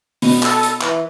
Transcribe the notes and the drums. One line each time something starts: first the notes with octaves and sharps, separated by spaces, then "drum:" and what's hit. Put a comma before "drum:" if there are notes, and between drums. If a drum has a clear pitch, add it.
B2, drum: open hi-hat
A4, drum: clap
drum: hi-hat
E3, drum: clap